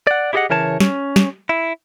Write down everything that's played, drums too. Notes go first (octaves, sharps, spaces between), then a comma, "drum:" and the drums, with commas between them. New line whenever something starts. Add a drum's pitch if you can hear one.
D5 F#5
E4 G4 G#4 C#5 D#5 F#5
C#3 E3 A#4 C#5 A5
C#4, drum: snare
drum: snare
E4